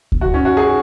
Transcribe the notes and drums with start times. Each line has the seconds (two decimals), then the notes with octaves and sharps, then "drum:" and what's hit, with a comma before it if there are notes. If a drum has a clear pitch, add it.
0.12 drum: kick D2
0.21 F#4
0.34 C#4
0.45 F#4
0.57 G#4